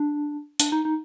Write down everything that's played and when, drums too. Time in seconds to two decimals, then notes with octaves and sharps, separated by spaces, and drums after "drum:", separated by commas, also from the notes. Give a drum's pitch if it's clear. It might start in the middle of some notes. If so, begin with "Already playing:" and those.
Already playing: D4
0.60 D4, drum: hi-hat
0.72 D#4
0.85 D#4